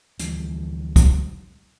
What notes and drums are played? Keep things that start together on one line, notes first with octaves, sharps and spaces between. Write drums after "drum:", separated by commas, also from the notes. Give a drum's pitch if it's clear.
D2 E3 F3 G3, drum: hi-hat
drum: kick, hi-hat